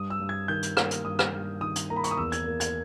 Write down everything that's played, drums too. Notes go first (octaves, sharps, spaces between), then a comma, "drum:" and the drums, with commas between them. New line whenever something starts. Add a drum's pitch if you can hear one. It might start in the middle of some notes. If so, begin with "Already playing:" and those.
Already playing: G2 D#6
E6
G2
G#6
D#3 G6
drum: hi-hat
A#3, drum: rim click
drum: hi-hat
G2 D#6
drum: rim click
G2
D#3 D#6
drum: hi-hat
A#3 A#5
B5
C#6, drum: hi-hat
D#6
E2 E6
G#6, drum: hi-hat
A#3
G#6, drum: hi-hat